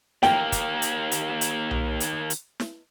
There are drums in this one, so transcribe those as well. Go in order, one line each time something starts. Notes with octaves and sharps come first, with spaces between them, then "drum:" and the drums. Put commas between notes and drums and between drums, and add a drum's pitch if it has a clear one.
D#2 A#3 G5, drum: snare
drum: kick, hi-hat
drum: hi-hat
drum: hi-hat
drum: hi-hat
drum: tom B1
drum: hi-hat
drum: hi-hat
drum: snare